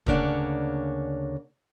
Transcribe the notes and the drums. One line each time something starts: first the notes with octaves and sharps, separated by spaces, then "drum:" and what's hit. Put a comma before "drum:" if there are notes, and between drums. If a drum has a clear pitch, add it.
D2 C#3 A#3 D4 C#5 F#5, drum: kick